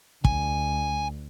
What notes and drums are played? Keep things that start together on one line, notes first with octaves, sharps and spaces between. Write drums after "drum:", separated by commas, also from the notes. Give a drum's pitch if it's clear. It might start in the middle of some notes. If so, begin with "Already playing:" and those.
D2 G#5, drum: kick